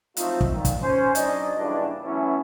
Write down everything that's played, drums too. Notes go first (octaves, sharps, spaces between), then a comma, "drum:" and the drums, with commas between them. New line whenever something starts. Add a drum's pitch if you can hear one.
F3 F#3 A3 C4 D#4 F4, drum: hi-hat
drum: kick
A#2 D#3
drum: kick, hi-hat
C#4 C5 G#5
F#3 D4 D#4 D5 D#5, drum: hi-hat
G2 A#2 C#3 E3 D4
E3 F#3 A3 B3 C#4